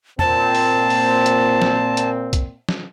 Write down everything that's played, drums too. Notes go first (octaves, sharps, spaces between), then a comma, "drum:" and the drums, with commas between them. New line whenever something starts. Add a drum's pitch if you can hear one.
A#2 C4 A5, drum: tom E2
drum: open hi-hat
drum: open hi-hat
drum: hi-hat
drum: snare
drum: hi-hat
drum: kick, hi-hat
drum: snare